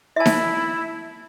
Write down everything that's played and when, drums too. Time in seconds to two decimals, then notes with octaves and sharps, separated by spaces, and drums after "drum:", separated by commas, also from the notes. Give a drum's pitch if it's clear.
0.16 E4 E5 A5
0.26 drum: snare D#4